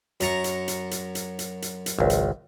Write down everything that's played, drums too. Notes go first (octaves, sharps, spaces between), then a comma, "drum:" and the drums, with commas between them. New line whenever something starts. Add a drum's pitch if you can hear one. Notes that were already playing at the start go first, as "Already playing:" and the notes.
F#2 A#5 C#6, drum: hi-hat
drum: hi-hat
drum: hi-hat
drum: hi-hat
drum: hi-hat
drum: hi-hat
drum: hi-hat
drum: hi-hat
G#1 C#2
drum: hi-hat